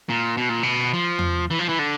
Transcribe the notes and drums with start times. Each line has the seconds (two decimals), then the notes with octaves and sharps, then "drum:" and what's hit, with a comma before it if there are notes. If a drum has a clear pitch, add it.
0.09 A#2
0.37 B2
0.49 A#2
0.63 B2
0.93 F3
1.19 drum: tom E2
1.51 E3
1.59 F3
1.69 E3
1.79 D3